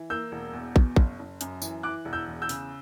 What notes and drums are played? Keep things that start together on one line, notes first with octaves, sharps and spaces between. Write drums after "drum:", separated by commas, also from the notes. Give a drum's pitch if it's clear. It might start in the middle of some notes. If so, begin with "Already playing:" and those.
Already playing: E3
A#3 E6 G6
E1
E2
B2, drum: kick
F#1, drum: kick
F#1
F#2, drum: hi-hat
E3, drum: tambourine
E3 D6 F#6
E1
E6 G6
E2
E6 G6
C#3, drum: open hi-hat